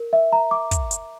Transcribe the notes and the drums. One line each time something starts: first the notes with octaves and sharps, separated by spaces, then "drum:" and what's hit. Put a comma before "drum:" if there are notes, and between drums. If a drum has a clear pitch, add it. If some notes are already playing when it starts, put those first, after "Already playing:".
Already playing: A#4
E5
A#5
D6
drum: kick, hi-hat
drum: hi-hat